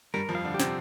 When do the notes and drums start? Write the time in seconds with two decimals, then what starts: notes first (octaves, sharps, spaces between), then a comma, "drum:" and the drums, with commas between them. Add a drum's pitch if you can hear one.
0.14 G2 G3 A#4
0.29 F2 F3
0.35 F5
0.45 D3 D4
0.54 G4
0.60 C3 C4, drum: snare